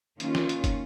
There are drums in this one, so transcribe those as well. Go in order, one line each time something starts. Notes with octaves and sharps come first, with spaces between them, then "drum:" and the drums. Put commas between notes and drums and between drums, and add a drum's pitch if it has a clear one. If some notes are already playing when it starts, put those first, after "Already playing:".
D#3 A#3 C#4 F4, drum: hi-hat
drum: snare
drum: hi-hat
drum: kick, hi-hat